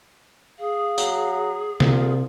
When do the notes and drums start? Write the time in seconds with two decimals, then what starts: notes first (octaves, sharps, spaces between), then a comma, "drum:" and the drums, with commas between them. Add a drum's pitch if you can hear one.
0.59 G#4 F5
0.98 F#3, drum: tambourine
1.80 C2 C3 F4, drum: snare